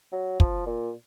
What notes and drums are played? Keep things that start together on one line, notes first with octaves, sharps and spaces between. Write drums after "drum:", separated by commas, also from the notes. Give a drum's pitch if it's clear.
F#3
F3, drum: kick
A#2